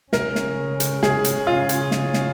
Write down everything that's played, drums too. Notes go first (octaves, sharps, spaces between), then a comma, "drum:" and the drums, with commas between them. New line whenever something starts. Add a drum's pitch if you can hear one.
C#3 G#3 C#4 A#4, drum: snare
drum: snare
drum: hi-hat
G#4, drum: snare
drum: hi-hat
F4
drum: hi-hat
drum: snare
drum: snare